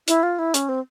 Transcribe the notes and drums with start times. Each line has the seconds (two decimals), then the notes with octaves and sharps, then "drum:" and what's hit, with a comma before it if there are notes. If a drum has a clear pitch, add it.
0.08 E4, drum: hi-hat
0.23 F4
0.39 E4
0.54 C#4, drum: hi-hat
0.69 C4